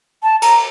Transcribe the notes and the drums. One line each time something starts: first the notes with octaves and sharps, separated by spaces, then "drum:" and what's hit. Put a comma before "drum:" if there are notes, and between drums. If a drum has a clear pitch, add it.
A5
A#5, drum: cymbal